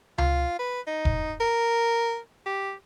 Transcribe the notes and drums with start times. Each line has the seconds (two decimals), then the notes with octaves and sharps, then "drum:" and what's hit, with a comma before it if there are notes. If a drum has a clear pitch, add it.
0.18 F4, drum: tom C#2
0.59 B4
0.87 D#4
1.05 drum: kick E1
1.40 A#4
2.46 G4